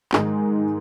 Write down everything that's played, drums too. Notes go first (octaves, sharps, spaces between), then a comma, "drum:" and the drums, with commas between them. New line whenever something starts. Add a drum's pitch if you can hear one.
G#2 D#3 G#3 D#4, drum: clap